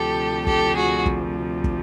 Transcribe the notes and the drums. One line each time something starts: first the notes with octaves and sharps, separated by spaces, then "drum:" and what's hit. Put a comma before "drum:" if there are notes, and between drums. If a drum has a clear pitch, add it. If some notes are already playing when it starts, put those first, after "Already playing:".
Already playing: D2 C3 F3 G4 A4
G4 A4, drum: kick
F#4 G#4
drum: kick
drum: kick